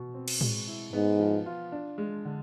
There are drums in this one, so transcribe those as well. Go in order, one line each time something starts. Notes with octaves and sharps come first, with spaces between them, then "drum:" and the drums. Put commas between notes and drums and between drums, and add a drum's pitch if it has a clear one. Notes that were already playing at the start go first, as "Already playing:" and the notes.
Already playing: B2
C4
drum: cymbal
G#3, drum: tom A2
E4
G#2 B3
F3
F4
D4
G#3
D3